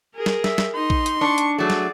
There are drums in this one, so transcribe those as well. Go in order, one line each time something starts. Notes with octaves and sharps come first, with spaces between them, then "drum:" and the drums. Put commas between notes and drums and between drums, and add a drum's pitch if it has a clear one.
G#4 A#4
drum: snare
E5, drum: snare
drum: snare
D#4 C6
drum: kick A#1
drum: hi-hat
D4 C#6
drum: hi-hat
F#3 A3 G#4 D5
drum: snare